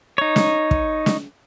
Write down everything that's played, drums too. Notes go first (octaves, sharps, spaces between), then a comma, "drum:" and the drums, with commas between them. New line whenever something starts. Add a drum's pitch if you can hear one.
D#4 C#5
drum: snare
drum: kick
drum: snare